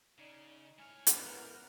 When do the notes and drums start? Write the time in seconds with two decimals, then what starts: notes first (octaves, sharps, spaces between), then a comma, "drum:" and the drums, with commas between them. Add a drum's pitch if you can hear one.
0.18 C#3 D#4 D5
0.79 A2 C#5 G#5 F6
1.07 drum: hi-hat
1.18 C#2 E3 B3 A#4 B4 G6